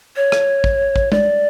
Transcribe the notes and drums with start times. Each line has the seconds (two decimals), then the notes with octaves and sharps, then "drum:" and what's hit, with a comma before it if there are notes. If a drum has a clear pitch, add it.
0.16 C#5
0.32 drum: rim click
0.64 drum: kick A1
0.96 drum: kick A1
1.12 D5, drum: tom